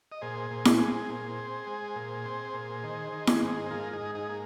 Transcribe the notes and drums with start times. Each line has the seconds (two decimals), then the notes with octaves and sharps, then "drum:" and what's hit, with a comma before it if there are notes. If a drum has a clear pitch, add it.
0.12 D#5
0.22 A#2 G#4 C5
0.51 A#2
0.65 drum: snare E4
0.80 G#3
1.09 A#2
1.38 C4
1.67 G#3
1.96 A#2
2.25 C4
2.54 A#2
2.84 D#3
3.13 D#3
3.27 drum: snare E4
3.42 G#2
3.66 C5
3.71 G#2 F4 A#4
3.93 D#4 G#4
4.01 G#2
4.15 D#4 G#4
4.29 A#3